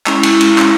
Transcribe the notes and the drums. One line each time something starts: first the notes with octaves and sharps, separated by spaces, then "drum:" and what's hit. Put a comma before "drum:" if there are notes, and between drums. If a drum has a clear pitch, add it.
G#3 C#4 E4, drum: clap
drum: cymbal
drum: cymbal
drum: clap